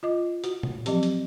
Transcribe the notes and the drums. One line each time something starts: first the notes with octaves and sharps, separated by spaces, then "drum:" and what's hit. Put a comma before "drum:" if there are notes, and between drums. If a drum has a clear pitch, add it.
F4 D#5 D6
F#4, drum: hi-hat
drum: tom A#2
F3 F#3 C4 G4, drum: hi-hat
drum: hi-hat